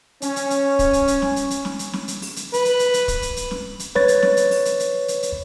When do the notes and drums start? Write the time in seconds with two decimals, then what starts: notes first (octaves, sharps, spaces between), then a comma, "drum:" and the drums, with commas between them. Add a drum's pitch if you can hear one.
0.22 C#4, drum: hi-hat
0.36 drum: hi-hat
0.50 drum: hi-hat
0.79 drum: kick, hi-hat
0.93 drum: hi-hat
1.08 drum: hi-hat
1.22 drum: snare
1.36 drum: hi-hat
1.51 drum: hi-hat
1.65 drum: snare
1.79 drum: hi-hat
1.93 drum: snare
2.08 drum: hi-hat
2.22 drum: open hi-hat
2.36 drum: hi-hat
2.54 B4, drum: hi-hat
2.65 drum: hi-hat
2.79 drum: hi-hat
2.94 drum: hi-hat
3.08 drum: kick, hi-hat
3.22 drum: hi-hat
3.37 drum: hi-hat
3.51 drum: snare
3.79 drum: hi-hat
3.95 B4 C#5 A6, drum: snare
4.08 drum: hi-hat
4.22 drum: snare
4.37 drum: hi-hat
4.51 drum: open hi-hat
4.65 drum: hi-hat
4.80 drum: hi-hat
5.08 drum: hi-hat
5.23 drum: hi-hat